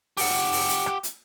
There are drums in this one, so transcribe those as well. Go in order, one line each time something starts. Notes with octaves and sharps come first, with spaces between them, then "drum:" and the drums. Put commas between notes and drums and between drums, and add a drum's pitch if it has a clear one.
G4 F#5, drum: open hi-hat
drum: open hi-hat
drum: hi-hat
drum: rim click
drum: hi-hat